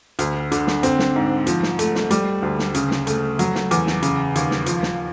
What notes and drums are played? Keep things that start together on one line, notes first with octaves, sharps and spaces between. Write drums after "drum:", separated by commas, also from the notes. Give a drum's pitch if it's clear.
D2, drum: hi-hat
D3, drum: hi-hat
drum: snare
C4, drum: hi-hat
drum: snare
G#2
F3, drum: hi-hat
drum: snare
A3, drum: hi-hat
drum: snare
G3, drum: hi-hat
D2
drum: snare
C#3, drum: hi-hat
drum: snare
A3, drum: hi-hat
F#3, drum: hi-hat
drum: snare
E2, drum: hi-hat
drum: snare
C#3, drum: hi-hat
D#2, drum: hi-hat
drum: snare
F3, drum: hi-hat
drum: snare